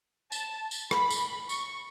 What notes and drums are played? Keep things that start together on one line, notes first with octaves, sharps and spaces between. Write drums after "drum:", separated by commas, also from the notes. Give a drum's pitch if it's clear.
A5, drum: tambourine
drum: tambourine
B5, drum: rim click
drum: tambourine
C#6, drum: tambourine